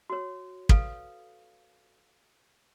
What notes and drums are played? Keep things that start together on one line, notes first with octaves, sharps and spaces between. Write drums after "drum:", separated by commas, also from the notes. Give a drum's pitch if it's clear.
F#4 C#5
A4 B4 F5, drum: kick